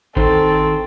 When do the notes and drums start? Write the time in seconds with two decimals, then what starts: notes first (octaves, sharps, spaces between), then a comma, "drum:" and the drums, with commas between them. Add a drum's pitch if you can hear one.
0.16 D#3 C4 D#4 A4 C5, drum: kick G#1